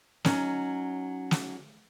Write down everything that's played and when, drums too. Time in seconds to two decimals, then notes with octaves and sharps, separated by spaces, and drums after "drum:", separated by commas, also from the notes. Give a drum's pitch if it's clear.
0.25 F#3 C#4 D#4, drum: snare
1.31 drum: snare